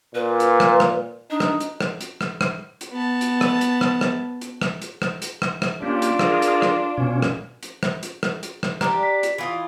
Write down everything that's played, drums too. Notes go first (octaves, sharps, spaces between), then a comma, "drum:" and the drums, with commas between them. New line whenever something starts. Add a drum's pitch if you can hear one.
A#2 B4
drum: hi-hat
drum: rim click
drum: rim click
D4 D#4
drum: rim click
drum: hi-hat
drum: rim click
drum: hi-hat
drum: rim click
drum: rim click
drum: hi-hat
B3 A5
drum: hi-hat
drum: rim click
drum: hi-hat
drum: rim click
drum: rim click
drum: hi-hat
drum: rim click
drum: hi-hat
drum: rim click
drum: hi-hat
drum: rim click
drum: rim click
A#3 C#4 D4 F4 G4
drum: hi-hat
G#4 A#4, drum: rim click
drum: hi-hat
drum: rim click
B2 C#4
drum: rim click
drum: hi-hat
drum: rim click
drum: hi-hat
drum: rim click
drum: hi-hat
drum: rim click
D4 G4 A#5, drum: rim click
B6
drum: hi-hat
E3 F4 D#5